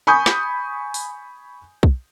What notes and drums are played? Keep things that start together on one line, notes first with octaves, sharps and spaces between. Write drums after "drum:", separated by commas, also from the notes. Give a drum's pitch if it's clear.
G#5 B5 C#6 D#6 G6
drum: snare
drum: open hi-hat
drum: kick